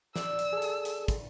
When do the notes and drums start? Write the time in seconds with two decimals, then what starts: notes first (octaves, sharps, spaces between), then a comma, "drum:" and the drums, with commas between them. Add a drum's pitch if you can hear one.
0.16 D5 E6, drum: snare
0.39 drum: hi-hat
0.53 G#4 A4
0.62 drum: hi-hat
0.85 drum: hi-hat
1.08 drum: kick, hi-hat